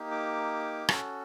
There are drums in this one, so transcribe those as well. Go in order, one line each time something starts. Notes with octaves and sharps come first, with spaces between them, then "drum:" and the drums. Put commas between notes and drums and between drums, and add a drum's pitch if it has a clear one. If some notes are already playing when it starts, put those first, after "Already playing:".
Already playing: A#3 D#4 G4
D6
C#4 F#4 A4, drum: rim click